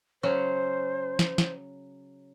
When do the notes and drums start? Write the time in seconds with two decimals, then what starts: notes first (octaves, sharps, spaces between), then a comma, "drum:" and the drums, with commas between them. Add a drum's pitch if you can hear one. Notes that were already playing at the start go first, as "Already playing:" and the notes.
0.23 C#3 F#3 C#4 C5
1.19 drum: snare
1.38 drum: snare